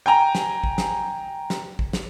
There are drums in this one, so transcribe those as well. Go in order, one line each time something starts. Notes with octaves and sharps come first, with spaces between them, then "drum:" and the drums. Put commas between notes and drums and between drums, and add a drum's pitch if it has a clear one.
G5 G#5 A#5
drum: snare
drum: kick A1
drum: snare
drum: snare
drum: kick A1
drum: snare